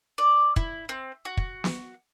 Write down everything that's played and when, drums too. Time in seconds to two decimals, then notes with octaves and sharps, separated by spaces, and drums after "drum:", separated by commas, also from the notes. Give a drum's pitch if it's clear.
0.18 D5
0.56 E4, drum: kick
0.89 C4
1.25 F#4
1.37 drum: kick
1.64 drum: snare